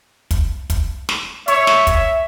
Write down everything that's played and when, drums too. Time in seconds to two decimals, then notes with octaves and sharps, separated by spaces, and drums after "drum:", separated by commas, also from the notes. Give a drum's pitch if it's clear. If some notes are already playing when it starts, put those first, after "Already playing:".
0.31 drum: kick, hi-hat
0.70 drum: kick, hi-hat
1.09 drum: snare
1.48 C#5 E5 C#6, drum: hi-hat
1.67 drum: snare
1.87 drum: kick, hi-hat